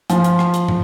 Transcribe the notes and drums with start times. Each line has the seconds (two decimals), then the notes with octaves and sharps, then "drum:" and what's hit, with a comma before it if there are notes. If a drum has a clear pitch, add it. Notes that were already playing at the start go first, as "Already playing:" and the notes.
0.10 F3, drum: hi-hat
0.24 drum: hi-hat
0.39 drum: rim click
0.54 drum: hi-hat
0.68 drum: tom